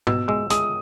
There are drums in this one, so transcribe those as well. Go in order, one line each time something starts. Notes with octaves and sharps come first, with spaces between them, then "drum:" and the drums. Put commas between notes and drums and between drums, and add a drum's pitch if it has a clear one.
B2 E6, drum: tom G#2
G#3 E6
G#3 D#6, drum: hi-hat